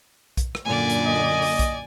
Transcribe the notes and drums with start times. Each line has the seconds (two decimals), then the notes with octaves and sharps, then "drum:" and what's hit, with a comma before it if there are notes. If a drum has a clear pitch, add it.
0.37 drum: kick B1, hi-hat
0.55 drum: rim click
0.65 F#2 A#2 D3 D5 G#5
0.90 drum: hi-hat
1.07 D#5
1.42 drum: open hi-hat
1.59 drum: kick B1, hi-hat